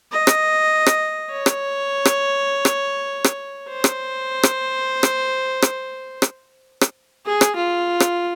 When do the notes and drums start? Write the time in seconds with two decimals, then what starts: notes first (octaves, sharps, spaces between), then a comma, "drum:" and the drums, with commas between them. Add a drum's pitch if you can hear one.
0.12 D#5
0.27 drum: rim click
0.86 drum: rim click
1.31 C#5
1.46 drum: rim click
2.05 drum: rim click
2.65 drum: rim click
3.24 drum: rim click
3.69 C5
3.84 drum: rim click
4.43 drum: rim click
5.03 drum: rim click
5.62 drum: rim click
6.22 drum: rim click
6.81 drum: rim click
7.26 G#4
7.41 drum: rim click
7.56 F4
8.00 drum: rim click